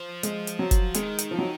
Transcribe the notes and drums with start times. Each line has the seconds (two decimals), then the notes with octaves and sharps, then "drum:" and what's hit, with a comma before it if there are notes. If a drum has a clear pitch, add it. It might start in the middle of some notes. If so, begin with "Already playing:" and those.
Already playing: F3
0.23 G#3, drum: hi-hat
0.47 drum: hi-hat
0.59 F#3
0.71 drum: kick F#1, hi-hat
0.94 D#3 G#3, drum: hi-hat
1.19 drum: hi-hat
1.31 F3
1.38 F#3